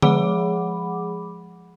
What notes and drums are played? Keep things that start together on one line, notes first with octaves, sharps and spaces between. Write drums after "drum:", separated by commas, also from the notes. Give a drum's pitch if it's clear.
F3 G#3 G#4 F#5 B5 D6, drum: tom D3